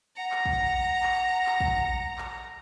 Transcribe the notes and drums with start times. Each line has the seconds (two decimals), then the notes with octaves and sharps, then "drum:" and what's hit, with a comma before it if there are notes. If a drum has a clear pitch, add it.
0.17 F#5 A#5
0.31 drum: clap
0.46 drum: kick
1.03 drum: clap
1.46 drum: clap
1.60 drum: kick
2.18 drum: clap